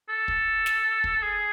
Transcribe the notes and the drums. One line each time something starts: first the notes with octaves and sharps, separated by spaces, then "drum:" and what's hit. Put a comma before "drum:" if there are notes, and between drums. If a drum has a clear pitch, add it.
A4
drum: kick
drum: snare
drum: kick
G#4